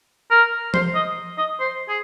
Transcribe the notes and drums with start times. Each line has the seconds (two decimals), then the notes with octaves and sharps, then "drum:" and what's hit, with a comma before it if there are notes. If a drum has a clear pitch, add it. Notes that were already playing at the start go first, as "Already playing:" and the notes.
0.30 A#4
0.74 C5, drum: tom F3
0.95 D#5
1.37 D#5
1.60 C5
1.88 G#4